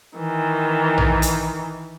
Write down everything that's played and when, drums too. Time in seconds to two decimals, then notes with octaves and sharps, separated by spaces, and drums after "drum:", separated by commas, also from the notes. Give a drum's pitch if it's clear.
0.17 D#3 E3
0.98 drum: tom A#1
1.22 drum: hi-hat